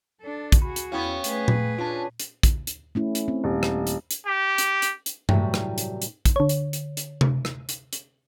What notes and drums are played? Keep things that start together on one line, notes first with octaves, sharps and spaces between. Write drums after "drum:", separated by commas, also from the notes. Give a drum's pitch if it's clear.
D4 A4
drum: kick, hi-hat
F#4 G#4 B5
drum: hi-hat
E2 B3 C#4 E4 F5 G5 C#6
A3 G#4 B4, drum: hi-hat
drum: tom A#2
C#4 D4 F4 A5
drum: hi-hat
drum: kick, hi-hat
drum: hi-hat
A3 C#4 E4
drum: hi-hat
C4
D#1
drum: rim click
drum: hi-hat
drum: hi-hat
G4
drum: hi-hat
drum: hi-hat
drum: hi-hat
A2 C3 E3 F#3 G3, drum: tom G2
drum: rim click
drum: hi-hat
drum: hi-hat
drum: kick, hi-hat
D3 C#5
drum: hi-hat
drum: hi-hat
drum: hi-hat
drum: tom C3
drum: rim click
drum: hi-hat
drum: hi-hat